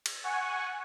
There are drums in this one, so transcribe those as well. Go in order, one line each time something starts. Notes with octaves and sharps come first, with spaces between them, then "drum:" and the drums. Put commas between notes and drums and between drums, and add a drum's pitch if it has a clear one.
drum: cymbal
F#5 G#5 C#6